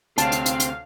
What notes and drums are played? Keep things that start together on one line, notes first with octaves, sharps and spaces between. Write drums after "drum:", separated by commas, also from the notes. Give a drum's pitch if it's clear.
D2 C3 C4 C#5 F5 A5, drum: hi-hat
drum: hi-hat
drum: hi-hat
drum: hi-hat